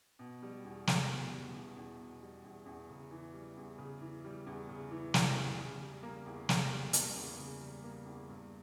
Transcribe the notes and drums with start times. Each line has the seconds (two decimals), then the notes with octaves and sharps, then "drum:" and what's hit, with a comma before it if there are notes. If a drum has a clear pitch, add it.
0.19 B2
0.42 G3
0.65 E2
0.87 E2, drum: snare
1.09 B2
1.32 G3
1.54 E2
1.77 E2
1.99 B2
2.22 G3
2.45 E2
2.66 E2
2.89 C#3
3.11 E3
3.34 G3
3.57 E2
3.78 C#3
4.01 E3
4.24 G3
4.46 E2
4.69 C#3
4.91 E3
5.14 G3, drum: snare
5.36 E2
5.58 C#3
5.82 G3
6.03 A#3
6.26 E2
6.49 C#3, drum: snare
6.71 G3
6.93 A#3, drum: hi-hat
7.16 E2
7.38 C#3
7.60 G3
7.84 A#3
8.06 E2
8.28 G2